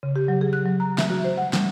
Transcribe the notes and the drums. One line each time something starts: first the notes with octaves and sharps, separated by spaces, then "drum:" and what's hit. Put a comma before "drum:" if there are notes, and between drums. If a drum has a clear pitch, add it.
C#3
G4
F#3
G#4
F#6
F#3
A#5
E5, drum: snare
F#4
C5
F#5
G3, drum: snare